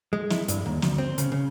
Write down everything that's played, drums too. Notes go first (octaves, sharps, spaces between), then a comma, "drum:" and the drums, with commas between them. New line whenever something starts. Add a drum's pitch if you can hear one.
G#3
E4, drum: snare
G2, drum: hi-hat
D#2
D2, drum: snare
C4
C#3, drum: hi-hat
C#3